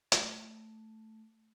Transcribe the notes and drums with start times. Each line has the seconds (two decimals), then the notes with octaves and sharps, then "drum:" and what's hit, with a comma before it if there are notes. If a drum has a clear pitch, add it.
0.12 A3, drum: hi-hat